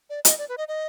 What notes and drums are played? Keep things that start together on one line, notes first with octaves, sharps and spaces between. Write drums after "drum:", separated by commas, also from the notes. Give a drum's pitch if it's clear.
D5
D#5, drum: hi-hat
D5
B4
D#5
D#5